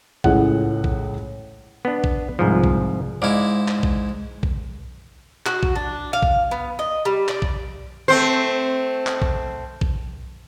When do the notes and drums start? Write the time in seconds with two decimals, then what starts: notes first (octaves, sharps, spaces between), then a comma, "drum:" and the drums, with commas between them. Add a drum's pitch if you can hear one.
0.24 C#2 A2 G#3 F#5, drum: kick A#1
0.84 drum: kick A#1
1.85 B3 D4
2.04 drum: kick A#1
2.39 C2 G#2 F3
2.64 drum: kick A#1
3.22 G#2 E4 D5 F5
3.68 drum: clap
3.83 drum: kick A#1
4.43 drum: kick A#1
5.46 F#4, drum: clap
5.63 drum: kick A#1
5.75 D4
6.13 F5
6.22 drum: kick A#1
6.51 B3
6.79 D#5
7.05 G3
7.29 D5, drum: clap
7.42 drum: kick A#1
8.08 A3 C4 C5
9.07 drum: clap
9.22 drum: kick A#1
9.81 drum: kick A#1